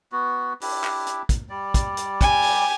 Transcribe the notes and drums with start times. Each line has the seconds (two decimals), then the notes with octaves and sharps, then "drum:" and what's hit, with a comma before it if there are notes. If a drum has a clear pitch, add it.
0.12 B3 F#4
0.61 D4 E4 G4, drum: open hi-hat
0.84 drum: clap
1.07 drum: hi-hat
1.29 drum: kick, hi-hat
1.49 G3 D5
1.74 drum: kick, hi-hat
1.97 drum: hi-hat
2.21 G4 G#5, drum: kick, hi-hat
2.42 drum: open hi-hat